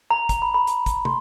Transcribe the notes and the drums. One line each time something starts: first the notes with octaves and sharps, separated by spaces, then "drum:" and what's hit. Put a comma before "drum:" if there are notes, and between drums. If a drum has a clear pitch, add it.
A#5
A#5, drum: kick, hi-hat
B5
B5
drum: hi-hat
drum: kick, hi-hat
C6, drum: tom